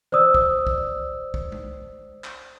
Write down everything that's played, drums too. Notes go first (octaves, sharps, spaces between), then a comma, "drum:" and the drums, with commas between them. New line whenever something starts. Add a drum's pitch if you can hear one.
C5 D5 D#6 E6, drum: tom E3
drum: kick
drum: kick
drum: kick
drum: tom G#3
drum: clap